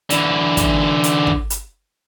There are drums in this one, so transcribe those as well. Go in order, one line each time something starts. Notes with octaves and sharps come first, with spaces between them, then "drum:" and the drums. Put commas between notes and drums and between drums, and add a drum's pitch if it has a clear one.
D3 E3, drum: hi-hat
drum: kick, hi-hat
drum: hi-hat
drum: kick
drum: hi-hat